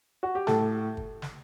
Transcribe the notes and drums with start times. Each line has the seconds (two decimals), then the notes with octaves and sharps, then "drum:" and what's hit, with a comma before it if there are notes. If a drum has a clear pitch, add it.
0.23 F#4
0.35 G4
0.47 A2 A4, drum: snare
0.97 drum: kick
1.22 drum: snare